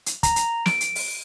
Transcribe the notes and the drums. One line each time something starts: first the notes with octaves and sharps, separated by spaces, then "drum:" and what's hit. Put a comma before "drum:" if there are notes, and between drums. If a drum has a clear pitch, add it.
drum: hi-hat
A#5, drum: kick, hi-hat
drum: hi-hat
D7, drum: snare
drum: hi-hat
drum: open hi-hat